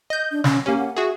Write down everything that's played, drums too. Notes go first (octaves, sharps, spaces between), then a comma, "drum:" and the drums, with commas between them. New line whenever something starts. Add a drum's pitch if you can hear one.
D#5 G6
D4
C#4, drum: snare
A#3 C#4 G4
F#5
F#4 G#4 E5